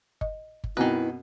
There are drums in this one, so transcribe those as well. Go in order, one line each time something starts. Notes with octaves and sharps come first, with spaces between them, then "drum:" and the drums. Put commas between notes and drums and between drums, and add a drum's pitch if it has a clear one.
D#5, drum: kick G1
drum: kick G1
F#2 B2 D#3 C4 E4 F#4 B4 G#5